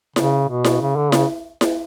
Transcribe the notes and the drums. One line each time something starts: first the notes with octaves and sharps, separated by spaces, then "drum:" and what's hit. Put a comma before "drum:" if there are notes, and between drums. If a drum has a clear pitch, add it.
C#3, drum: snare E4
B2
drum: snare E4
C#3
D3
C#3, drum: snare E4
drum: snare E4